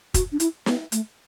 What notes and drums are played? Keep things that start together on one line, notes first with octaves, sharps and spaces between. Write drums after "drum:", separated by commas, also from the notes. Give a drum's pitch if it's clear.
F#4, drum: kick, hi-hat
D4
E4, drum: hi-hat
B3, drum: snare
A3, drum: hi-hat